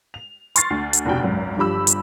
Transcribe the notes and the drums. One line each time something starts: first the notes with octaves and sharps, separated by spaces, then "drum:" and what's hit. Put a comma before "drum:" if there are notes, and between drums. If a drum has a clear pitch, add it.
F7
C6 C#6 F6 A6 C7, drum: hi-hat
D2
drum: hi-hat
F1 D2 B2 G5
G#1 C#2 F#2
G1 G2 F3 G4 B5 E6
drum: hi-hat